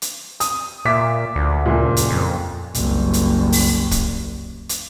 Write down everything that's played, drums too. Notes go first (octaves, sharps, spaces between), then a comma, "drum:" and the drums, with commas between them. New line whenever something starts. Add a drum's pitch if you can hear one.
drum: hi-hat
D#6, drum: hi-hat
A#2 E5 D6 B6
D2
F#1 A#2
drum: hi-hat
F2
F#1 C2, drum: hi-hat
drum: hi-hat
drum: open hi-hat
drum: kick, hi-hat
drum: hi-hat